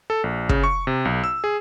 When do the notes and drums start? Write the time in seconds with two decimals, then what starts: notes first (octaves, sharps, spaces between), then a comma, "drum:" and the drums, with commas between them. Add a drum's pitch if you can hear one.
0.10 A4
0.24 A#1
0.49 C#3, drum: kick
0.64 C#6
0.87 C3
1.05 B1
1.24 E6
1.44 G#4